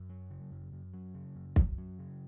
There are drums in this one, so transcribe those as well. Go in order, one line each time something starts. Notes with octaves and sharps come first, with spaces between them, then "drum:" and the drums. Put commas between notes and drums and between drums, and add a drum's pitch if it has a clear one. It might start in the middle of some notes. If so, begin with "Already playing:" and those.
Already playing: F#2
F#3
C#3
F#2
F#2
F#3
C#3
F#2
F#2, drum: kick
F#3
C#3